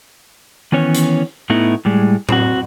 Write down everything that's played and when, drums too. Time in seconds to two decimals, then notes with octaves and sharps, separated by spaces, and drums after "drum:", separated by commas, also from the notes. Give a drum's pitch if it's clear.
0.72 D#3 E3 B3 C#4 C#5
0.94 drum: hi-hat
1.50 A2 A3 B3 D#4 E4
1.85 A2 G3 G#3
2.29 C4 F#4, drum: tom